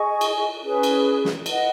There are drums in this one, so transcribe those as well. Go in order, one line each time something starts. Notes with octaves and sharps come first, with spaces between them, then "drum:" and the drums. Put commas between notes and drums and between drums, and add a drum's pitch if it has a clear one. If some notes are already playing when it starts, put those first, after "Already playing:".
Already playing: G#4 D#5 G#5 C#6
drum: cymbal
C#4 G#4 B4
drum: cymbal
drum: snare
B4 D#5 F#5, drum: cymbal